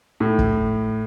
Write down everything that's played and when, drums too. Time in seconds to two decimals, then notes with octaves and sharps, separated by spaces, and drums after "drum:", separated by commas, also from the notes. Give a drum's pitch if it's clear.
0.20 A2
0.39 drum: kick G1